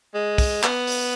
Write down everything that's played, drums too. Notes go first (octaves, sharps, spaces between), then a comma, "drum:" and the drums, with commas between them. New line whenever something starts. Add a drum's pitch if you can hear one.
G#3
drum: kick, open hi-hat
B3, drum: clap
drum: open hi-hat